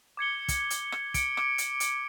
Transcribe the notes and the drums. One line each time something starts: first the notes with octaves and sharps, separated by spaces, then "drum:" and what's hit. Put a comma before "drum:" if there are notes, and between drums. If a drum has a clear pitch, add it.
D6 G#6 C#7 G7
drum: kick, hi-hat
drum: hi-hat
drum: rim click
C#7 D7, drum: kick, hi-hat
D6, drum: rim click
drum: hi-hat
drum: hi-hat